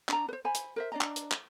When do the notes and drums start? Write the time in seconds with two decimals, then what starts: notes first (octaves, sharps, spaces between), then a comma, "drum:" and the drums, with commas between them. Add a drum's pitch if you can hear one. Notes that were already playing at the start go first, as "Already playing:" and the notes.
0.09 D4 A#5, drum: clap
0.29 B4 C5
0.45 C5 G#5 B5
0.55 drum: hi-hat
0.76 A#4 C5 E5
0.92 D4 D5 D#5 A#5
1.01 drum: clap
1.16 drum: hi-hat
1.32 drum: clap